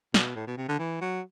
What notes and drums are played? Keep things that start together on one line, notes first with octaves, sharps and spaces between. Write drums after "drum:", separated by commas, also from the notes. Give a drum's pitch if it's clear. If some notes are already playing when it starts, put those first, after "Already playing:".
B2, drum: snare
A2
B2
C3
D3
E3
F#3